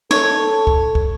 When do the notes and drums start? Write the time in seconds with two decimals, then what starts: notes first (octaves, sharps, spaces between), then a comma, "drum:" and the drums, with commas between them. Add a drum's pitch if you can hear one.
0.11 A4 C#5, drum: snare
0.67 drum: kick
0.95 drum: kick